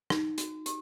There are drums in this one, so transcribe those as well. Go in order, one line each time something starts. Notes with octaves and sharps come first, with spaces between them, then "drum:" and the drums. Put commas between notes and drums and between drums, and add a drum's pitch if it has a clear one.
D#4, drum: rim click
F#4, drum: hi-hat
G4, drum: hi-hat